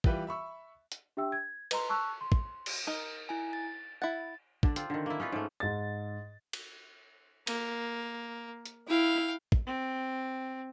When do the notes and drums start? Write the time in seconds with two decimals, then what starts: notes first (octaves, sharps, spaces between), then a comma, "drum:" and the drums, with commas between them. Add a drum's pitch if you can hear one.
0.04 E3 G3 F4 G4 B4 E5, drum: kick
0.27 E5 B5 C#6 E6
0.92 drum: hi-hat
1.17 D4 G4 E5 G5 E6
1.32 G#6
1.71 B4 D#5 A#5 C6, drum: cymbal
1.89 A5 C#6 E6 F#6
2.21 C6
2.32 drum: kick
2.66 drum: cymbal
2.87 D#4 A#4
3.29 E4 G#5
3.53 A6
4.02 E4 F#5 A6
4.63 D3 D4, drum: kick
4.76 C4 F4, drum: hi-hat
4.90 D3 D#3
5.06 A#3 E4
5.20 C#4 D#4 F4 B4
5.32 G#2 A3
5.60 G#2 A6
6.53 drum: cymbal
7.47 A#3, drum: cymbal
8.66 drum: hi-hat
8.88 E4 F5 G5
9.52 drum: kick
9.67 C4